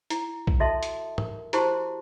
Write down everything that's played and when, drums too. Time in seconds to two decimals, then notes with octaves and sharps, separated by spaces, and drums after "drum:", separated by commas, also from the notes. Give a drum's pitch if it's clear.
0.10 E4, drum: hi-hat
0.47 drum: kick A#1
0.60 F#4 A4 D#5 E5 A5 C6
0.83 drum: hi-hat
1.18 A#4, drum: tom
1.53 E4 F#4 G4 C5 A5 C6, drum: hi-hat